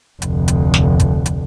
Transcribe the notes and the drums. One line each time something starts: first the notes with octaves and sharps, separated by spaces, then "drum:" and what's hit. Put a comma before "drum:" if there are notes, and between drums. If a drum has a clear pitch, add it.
F1 D2, drum: hi-hat
drum: hi-hat
drum: snare
drum: kick, hi-hat
drum: hi-hat